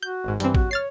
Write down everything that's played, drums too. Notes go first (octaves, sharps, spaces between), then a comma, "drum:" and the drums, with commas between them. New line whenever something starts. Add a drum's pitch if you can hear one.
F#4 G6
G#1 G#2
G2 E3 C4, drum: hi-hat
F#4, drum: kick
C#5 F6 A6 C7